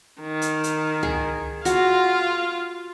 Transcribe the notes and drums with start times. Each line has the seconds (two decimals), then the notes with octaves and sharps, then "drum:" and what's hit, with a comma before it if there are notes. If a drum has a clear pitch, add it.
0.21 D#3
0.42 drum: hi-hat
0.64 drum: hi-hat
1.03 G#4, drum: tom
1.65 F4 F#4 F5, drum: hi-hat